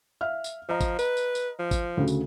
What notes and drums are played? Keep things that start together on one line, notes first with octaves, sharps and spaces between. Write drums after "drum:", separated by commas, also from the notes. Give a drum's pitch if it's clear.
E5 F5 F6
drum: tambourine
F3 D#5 A#5
drum: kick G#1, tambourine
B4, drum: tambourine
drum: tambourine
drum: tambourine
F3
drum: kick G#1, tambourine
D2 C#3 F#4
drum: tambourine